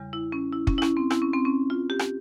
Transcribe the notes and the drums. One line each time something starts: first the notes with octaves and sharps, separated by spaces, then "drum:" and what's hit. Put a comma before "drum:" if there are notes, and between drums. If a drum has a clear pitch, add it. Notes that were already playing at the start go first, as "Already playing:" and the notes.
Already playing: E2 C#3 G3
E4
C#4
E4
C#4, drum: kick
E4
C#4, drum: rim click
C4
E4, drum: rim click
C#4
C4
C#4
F4
G4
drum: rim click